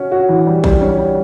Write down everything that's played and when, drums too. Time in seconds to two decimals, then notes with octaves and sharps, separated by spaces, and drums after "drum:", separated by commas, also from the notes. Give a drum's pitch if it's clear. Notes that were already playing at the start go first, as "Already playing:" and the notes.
Already playing: C#4 F#4
0.12 F#4
0.29 E3
0.47 G3
0.64 G3, drum: kick A#1
0.81 C#4
0.98 G3